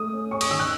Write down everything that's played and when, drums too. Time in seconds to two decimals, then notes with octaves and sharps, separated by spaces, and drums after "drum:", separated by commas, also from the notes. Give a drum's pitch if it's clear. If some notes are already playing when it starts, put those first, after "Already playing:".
Already playing: A3 D#6
0.13 C#4
0.31 C#4 C#6
0.41 D#6, drum: cymbal
0.51 D#3 E6
0.60 F#6